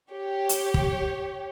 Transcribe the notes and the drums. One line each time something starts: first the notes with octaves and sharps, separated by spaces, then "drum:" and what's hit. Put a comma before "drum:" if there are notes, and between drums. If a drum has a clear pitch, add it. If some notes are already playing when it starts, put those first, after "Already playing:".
G4 C#5
drum: hi-hat
drum: kick